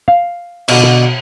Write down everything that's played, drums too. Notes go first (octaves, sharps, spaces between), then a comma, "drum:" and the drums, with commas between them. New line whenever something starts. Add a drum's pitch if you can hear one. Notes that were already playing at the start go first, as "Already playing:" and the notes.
F5
B2 D3, drum: cymbal